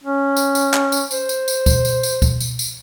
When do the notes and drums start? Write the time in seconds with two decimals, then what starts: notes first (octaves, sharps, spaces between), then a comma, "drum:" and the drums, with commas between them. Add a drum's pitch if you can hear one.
0.04 C#4
0.36 drum: tambourine
0.55 drum: tambourine
0.74 drum: clap
0.92 drum: tambourine
1.11 C5, drum: tambourine
1.29 drum: tambourine
1.48 drum: tambourine
1.66 drum: kick, tambourine
1.85 drum: tambourine
2.03 drum: tambourine
2.22 drum: kick, tambourine
2.40 drum: tambourine
2.59 drum: tambourine